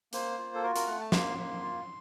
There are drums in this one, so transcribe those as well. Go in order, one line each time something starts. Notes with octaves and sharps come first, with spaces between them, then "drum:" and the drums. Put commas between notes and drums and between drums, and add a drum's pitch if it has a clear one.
A#3 C5, drum: hi-hat
F4
A4
F#4 A#4
A#4, drum: hi-hat
A3 F#5
A5
A#3 C6, drum: snare
A#3
F4